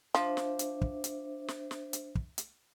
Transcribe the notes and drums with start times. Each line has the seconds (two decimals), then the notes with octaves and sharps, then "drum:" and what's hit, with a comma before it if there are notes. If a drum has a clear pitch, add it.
0.15 F3 D4 C5 E5, drum: snare
0.37 drum: snare
0.59 drum: hi-hat
0.81 drum: kick
1.04 drum: hi-hat
1.48 drum: snare
1.71 drum: snare
1.93 drum: hi-hat
2.15 drum: kick
2.38 drum: hi-hat